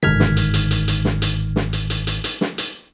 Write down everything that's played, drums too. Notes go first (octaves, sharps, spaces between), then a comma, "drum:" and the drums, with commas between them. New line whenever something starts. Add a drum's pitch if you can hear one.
G1 G#2 D#3 F6 G#6 B6, drum: tom C3
drum: snare
drum: hi-hat
drum: hi-hat
drum: hi-hat
drum: hi-hat
drum: snare
drum: hi-hat
drum: snare
drum: hi-hat
drum: hi-hat
drum: hi-hat
drum: hi-hat
drum: snare
drum: hi-hat